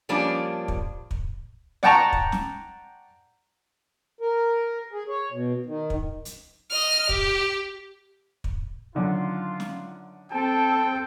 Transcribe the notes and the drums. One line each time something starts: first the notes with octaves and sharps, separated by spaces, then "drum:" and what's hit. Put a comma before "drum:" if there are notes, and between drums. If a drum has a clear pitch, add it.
F3 G3 A#3 C#4 D4
drum: kick
drum: kick
D5 F#5 G5 A5 A#5 C#6, drum: snare
drum: kick
drum: snare
A#4
G#4
C#5
B2
D#3
drum: kick
drum: hi-hat
D#5 F6
G4, drum: kick
drum: kick
F#2 D3 D#3 F4
drum: snare
C4 A4 G5 A5